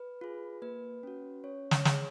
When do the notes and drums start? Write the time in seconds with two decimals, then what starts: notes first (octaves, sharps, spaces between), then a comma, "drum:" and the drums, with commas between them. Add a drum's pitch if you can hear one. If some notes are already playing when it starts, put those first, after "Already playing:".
Already playing: B4
0.21 F4 G#4
0.62 A#3 B4
1.03 C#4 F#4
1.44 C#4 C#5
1.71 C#5, drum: snare
1.85 G#4, drum: snare